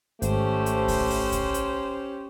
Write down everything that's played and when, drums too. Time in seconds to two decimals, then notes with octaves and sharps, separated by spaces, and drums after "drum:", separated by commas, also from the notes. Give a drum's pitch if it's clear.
0.22 G#1 A3 C#4 G4 C5, drum: hi-hat
0.66 drum: hi-hat
0.88 drum: kick C2, open hi-hat
1.10 drum: open hi-hat
1.32 drum: kick C2, hi-hat
1.54 drum: hi-hat